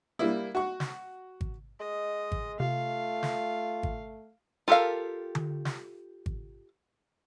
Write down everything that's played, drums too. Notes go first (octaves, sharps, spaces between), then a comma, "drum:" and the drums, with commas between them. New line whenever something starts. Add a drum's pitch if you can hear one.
G3 A#3 E4
F#4 C#6
drum: snare
drum: kick G#1
G#3 D#5
drum: kick G#1
C3 A3 F4 F5
drum: snare
drum: kick G#1
F4 G4 A4 A#4 F5
drum: tom D3
drum: snare
drum: kick G#1